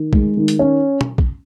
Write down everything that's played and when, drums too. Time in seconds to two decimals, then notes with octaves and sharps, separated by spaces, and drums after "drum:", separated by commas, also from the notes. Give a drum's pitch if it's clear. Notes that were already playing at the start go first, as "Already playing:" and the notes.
Already playing: D#3
0.13 G#3, drum: kick
0.37 D#3
0.48 drum: hi-hat
0.59 C#4
1.01 drum: tom
1.18 drum: kick